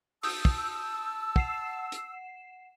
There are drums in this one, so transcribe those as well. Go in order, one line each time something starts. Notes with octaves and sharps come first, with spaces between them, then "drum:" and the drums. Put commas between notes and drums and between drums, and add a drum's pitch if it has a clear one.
A5 D#6 E6 G6, drum: open hi-hat
drum: kick
F#5 C7 E7, drum: kick
drum: hi-hat